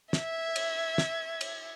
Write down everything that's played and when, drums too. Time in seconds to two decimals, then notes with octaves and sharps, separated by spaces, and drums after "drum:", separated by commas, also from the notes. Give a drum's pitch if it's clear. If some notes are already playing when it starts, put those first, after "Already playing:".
0.13 E5 G#6, drum: snare
0.56 drum: cymbal
0.98 drum: snare
1.41 drum: cymbal